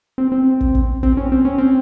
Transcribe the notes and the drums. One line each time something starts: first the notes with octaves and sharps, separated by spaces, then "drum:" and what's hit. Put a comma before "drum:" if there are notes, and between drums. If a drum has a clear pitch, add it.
C4
C4
drum: kick
drum: kick
C4, drum: kick
C#4
C4
C#4
C4